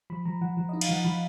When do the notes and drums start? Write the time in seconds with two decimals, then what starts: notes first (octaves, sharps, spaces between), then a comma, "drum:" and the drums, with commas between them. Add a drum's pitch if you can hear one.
0.10 F3 B5
0.25 F3 A#5
0.41 F3 F#5
0.57 F3
0.69 D#4 D#5
0.81 F5, drum: cymbal
0.89 F3 F#5
1.04 F3 B5